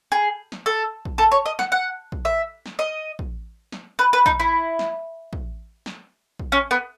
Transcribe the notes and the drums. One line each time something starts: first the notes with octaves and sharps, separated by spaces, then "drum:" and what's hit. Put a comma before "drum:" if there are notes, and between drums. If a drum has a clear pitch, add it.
G#4
drum: snare
A4
drum: kick
A4
C#5
D#5
F#5, drum: snare
F#5
drum: kick
E5
drum: snare
D#5
drum: kick
drum: snare
B4
B4
D#4, drum: kick
E4
drum: snare
drum: kick
drum: snare
drum: kick
C#4
B3